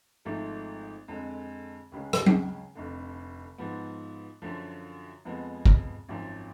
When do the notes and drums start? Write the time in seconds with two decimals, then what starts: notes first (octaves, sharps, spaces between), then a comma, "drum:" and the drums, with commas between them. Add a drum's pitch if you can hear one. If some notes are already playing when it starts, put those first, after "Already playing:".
0.25 G#1 G#2 F3 A3
1.08 F2 D3 G#3
1.92 C#2 C#3 G#3
2.13 drum: rim click
2.26 drum: tom F#3
2.75 F1 F2 D3
3.58 G#2 F3 B3
4.42 F#2 D3 F3
5.25 F2 F3 G#3 B3
5.66 drum: kick
6.09 G#1 F#2 F3